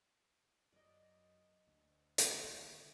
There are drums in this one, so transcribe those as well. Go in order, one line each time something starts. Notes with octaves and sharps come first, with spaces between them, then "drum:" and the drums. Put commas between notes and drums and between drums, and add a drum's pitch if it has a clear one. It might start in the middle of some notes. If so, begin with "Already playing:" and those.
F#2 D5 D#5
D2
drum: hi-hat
D#2 D3